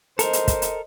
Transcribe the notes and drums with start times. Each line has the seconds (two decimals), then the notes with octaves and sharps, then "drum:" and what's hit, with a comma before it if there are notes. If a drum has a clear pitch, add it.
0.19 A4 A#4 C5 D#5, drum: hi-hat
0.33 drum: hi-hat
0.48 drum: kick, hi-hat
0.62 drum: hi-hat